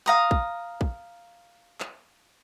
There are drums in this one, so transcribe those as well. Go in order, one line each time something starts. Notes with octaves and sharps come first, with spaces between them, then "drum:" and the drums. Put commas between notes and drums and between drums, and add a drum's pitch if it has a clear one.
F5 A#5 D#6
drum: kick
drum: kick
drum: clap